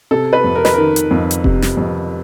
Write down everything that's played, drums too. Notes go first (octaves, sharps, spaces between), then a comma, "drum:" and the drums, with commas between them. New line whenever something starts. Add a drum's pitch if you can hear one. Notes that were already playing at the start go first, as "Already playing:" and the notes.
C3 A4
B4
F2
A#4
B4, drum: snare
D#3 A#4
drum: hi-hat
F2
drum: hi-hat
C3, drum: kick E1
drum: snare
F2